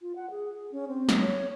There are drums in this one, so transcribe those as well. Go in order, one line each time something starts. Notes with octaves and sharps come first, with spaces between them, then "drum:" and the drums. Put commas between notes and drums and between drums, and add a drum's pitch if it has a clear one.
F4
F#5
G#4
G#4
C#4
C4
drum: snare
C#5